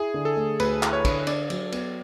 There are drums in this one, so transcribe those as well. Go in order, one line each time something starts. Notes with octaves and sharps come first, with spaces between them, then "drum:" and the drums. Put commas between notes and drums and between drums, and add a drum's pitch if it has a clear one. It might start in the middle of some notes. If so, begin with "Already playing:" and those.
Already playing: E4 G#4
D3
A4
A3
D2 B4, drum: cymbal
E4, drum: clap
C#5
D3, drum: kick, cymbal
D4 D5, drum: cymbal
F#3, drum: cymbal
B3, drum: cymbal